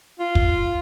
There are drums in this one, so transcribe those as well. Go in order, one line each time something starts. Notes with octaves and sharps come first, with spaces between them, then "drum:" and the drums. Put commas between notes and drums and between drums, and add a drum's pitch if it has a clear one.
F4
drum: kick